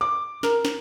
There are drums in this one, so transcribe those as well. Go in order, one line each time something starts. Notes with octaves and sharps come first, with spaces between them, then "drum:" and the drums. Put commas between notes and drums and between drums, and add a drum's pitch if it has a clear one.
D6
A#4, drum: snare
drum: snare